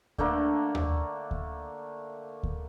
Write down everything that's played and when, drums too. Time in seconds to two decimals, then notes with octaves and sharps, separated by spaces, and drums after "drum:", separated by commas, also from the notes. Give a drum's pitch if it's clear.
0.18 D3 A3 A#3 D4, drum: kick D2
0.75 drum: tom D#2
1.31 drum: kick D2
2.43 drum: kick D2